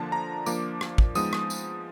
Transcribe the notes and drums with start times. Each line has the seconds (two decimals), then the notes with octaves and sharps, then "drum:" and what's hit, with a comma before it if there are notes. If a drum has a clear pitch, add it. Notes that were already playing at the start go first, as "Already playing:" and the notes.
Already playing: D3 F3 A#3 D4 A5
0.12 A#5
0.46 F3 A#3 D4 D6, drum: tambourine
0.81 drum: rim click
0.98 drum: kick
1.15 F3 G#3 B3 D#4 D#6, drum: tambourine
1.33 drum: rim click
1.50 drum: tambourine